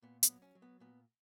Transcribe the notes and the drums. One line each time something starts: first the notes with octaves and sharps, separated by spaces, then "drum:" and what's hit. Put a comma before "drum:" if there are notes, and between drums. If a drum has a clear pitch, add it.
A#2 B3
B3, drum: hi-hat
F#3
C#4
F#3
B3
A#2 B3